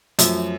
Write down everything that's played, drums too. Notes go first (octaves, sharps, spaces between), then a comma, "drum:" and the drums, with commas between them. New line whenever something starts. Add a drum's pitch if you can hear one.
F#2 F3 A3, drum: hi-hat